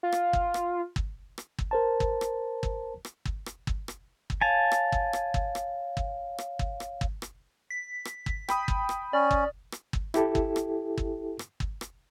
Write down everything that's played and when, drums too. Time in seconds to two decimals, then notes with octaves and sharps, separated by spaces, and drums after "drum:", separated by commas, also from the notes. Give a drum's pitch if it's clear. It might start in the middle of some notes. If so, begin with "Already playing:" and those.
0.03 F4
0.12 drum: rim click
0.33 drum: kick
0.54 drum: rim click
0.96 drum: kick
1.38 drum: rim click
1.59 drum: kick
1.71 A#4 C5 A5
2.00 drum: kick
2.21 drum: rim click
2.63 drum: kick
3.05 drum: rim click
3.25 drum: kick
3.46 drum: rim click
3.67 drum: kick
3.88 drum: rim click
4.30 drum: kick
4.41 C#5 F5 G#5 A5
4.72 drum: rim click
4.92 drum: kick
5.13 drum: rim click
5.34 drum: kick
5.55 drum: rim click
5.97 drum: kick
6.38 drum: rim click
6.59 drum: kick
6.80 drum: rim click
7.01 drum: kick
7.22 drum: rim click
7.70 B6
8.05 drum: rim click
8.26 drum: kick
8.49 G5 B5 D#6, drum: rim click
8.68 drum: kick
8.89 drum: rim click
9.13 C#4 D5
9.31 drum: kick
9.72 drum: rim click
9.93 drum: kick
10.14 E4 G4 A4, drum: rim click
10.35 drum: kick
10.56 drum: rim click
10.98 drum: kick
11.39 drum: rim click
11.60 drum: kick
11.81 drum: rim click